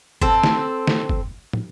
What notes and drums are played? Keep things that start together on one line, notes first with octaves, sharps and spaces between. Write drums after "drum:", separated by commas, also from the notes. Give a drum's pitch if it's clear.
C4 A4, drum: kick F#1
drum: snare
drum: snare
drum: kick F#1
drum: tom